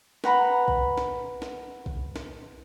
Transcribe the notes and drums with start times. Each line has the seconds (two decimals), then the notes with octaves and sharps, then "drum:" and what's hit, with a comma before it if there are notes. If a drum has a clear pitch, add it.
0.24 B4 F#5 A#5 B5, drum: snare
0.68 drum: kick B1
0.98 drum: snare
1.42 drum: snare
1.86 drum: kick B1
2.16 drum: snare